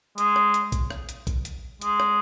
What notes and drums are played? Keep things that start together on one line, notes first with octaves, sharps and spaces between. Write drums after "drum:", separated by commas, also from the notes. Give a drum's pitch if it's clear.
G#3, drum: hi-hat
drum: rim click
drum: hi-hat
drum: kick A#1, hi-hat
drum: rim click
drum: hi-hat
drum: kick A#1, hi-hat
drum: hi-hat
G#3, drum: hi-hat
drum: rim click